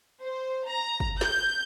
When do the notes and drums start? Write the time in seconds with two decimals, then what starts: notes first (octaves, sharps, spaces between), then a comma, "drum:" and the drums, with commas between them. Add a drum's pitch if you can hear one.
0.22 C5
0.66 A#5
1.00 drum: kick
1.21 G6, drum: snare